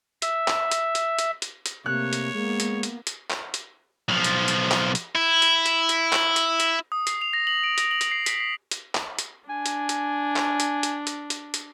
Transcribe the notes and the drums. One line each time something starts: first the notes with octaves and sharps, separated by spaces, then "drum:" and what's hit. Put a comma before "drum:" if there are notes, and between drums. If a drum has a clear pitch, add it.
E5, drum: hi-hat
drum: clap
drum: hi-hat
drum: hi-hat
drum: hi-hat
drum: hi-hat
drum: hi-hat
C3 A3 A#3 C#5 F#6
drum: hi-hat
G#3 A#3 B3
drum: hi-hat
drum: hi-hat
drum: hi-hat
drum: clap
drum: hi-hat
B1 F3
drum: hi-hat
drum: hi-hat
drum: clap
drum: hi-hat
E4
drum: hi-hat
drum: hi-hat
drum: hi-hat
drum: clap
drum: hi-hat
drum: hi-hat
D#6
C7, drum: hi-hat
F7
A#6
F#7
D7
A#6, drum: hi-hat
F#7
drum: hi-hat
C7
B6, drum: hi-hat
C7
drum: hi-hat
drum: clap
drum: hi-hat
D4 G#5
drum: hi-hat
drum: hi-hat
drum: clap
drum: hi-hat
drum: hi-hat
drum: hi-hat
drum: hi-hat
drum: hi-hat